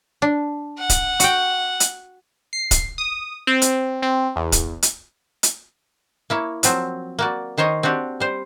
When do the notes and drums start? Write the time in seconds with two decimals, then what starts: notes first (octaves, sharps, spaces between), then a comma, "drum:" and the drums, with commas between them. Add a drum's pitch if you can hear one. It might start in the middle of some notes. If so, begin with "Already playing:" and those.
0.22 D4
0.79 F#5
0.90 drum: kick C#1, hi-hat
1.20 F#4 G5, drum: hi-hat
1.80 drum: hi-hat
2.53 C7
2.71 drum: kick C#1, hi-hat
2.98 D#6
3.47 C4
3.62 drum: hi-hat
4.03 C4
4.36 E2
4.52 drum: kick C#1, hi-hat
4.83 drum: hi-hat
5.43 drum: hi-hat
6.30 A#3 E4 C#5
6.63 F3 F#3 C4, drum: hi-hat
7.19 A#3 F#4 D5
7.58 D#3 C5 C#5 D#5
7.83 C4 D4 F#4 G4
8.20 G3 C5